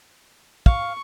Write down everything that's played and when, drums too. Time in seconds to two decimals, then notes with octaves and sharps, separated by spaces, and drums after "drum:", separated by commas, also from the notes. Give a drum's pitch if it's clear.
0.66 F5 C#6, drum: kick